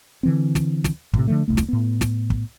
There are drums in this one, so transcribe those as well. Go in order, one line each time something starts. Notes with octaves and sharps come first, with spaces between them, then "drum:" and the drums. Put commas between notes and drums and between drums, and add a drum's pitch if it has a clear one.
D3 E3 C4
drum: snare
drum: snare
A2 C3, drum: kick
D3 E3 F3 A3
E1 C2 A3
drum: snare
A2 B3
drum: snare
drum: kick